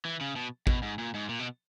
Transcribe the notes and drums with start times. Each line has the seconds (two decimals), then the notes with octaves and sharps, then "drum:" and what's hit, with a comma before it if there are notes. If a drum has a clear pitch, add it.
0.05 E3
0.21 C#3
0.36 B2
0.67 B2, drum: kick A1
0.83 G#2
0.98 A#2
1.14 G#2
1.29 A#2
1.39 B2